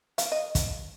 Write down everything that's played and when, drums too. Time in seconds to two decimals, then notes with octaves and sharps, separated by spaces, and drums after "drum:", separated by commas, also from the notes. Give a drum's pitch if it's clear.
0.18 F5, drum: hi-hat
0.32 D#5
0.55 drum: kick, hi-hat